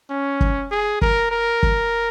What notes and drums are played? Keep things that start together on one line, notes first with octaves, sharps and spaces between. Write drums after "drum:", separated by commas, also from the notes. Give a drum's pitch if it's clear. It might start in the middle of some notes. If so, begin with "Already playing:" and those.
C#4
drum: kick
G#4
A#4, drum: kick
A#4
drum: kick